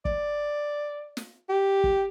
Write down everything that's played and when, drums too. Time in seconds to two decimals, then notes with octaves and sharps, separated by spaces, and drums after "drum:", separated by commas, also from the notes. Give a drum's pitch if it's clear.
0.05 D5, drum: kick
1.17 drum: snare
1.49 G4
1.84 drum: kick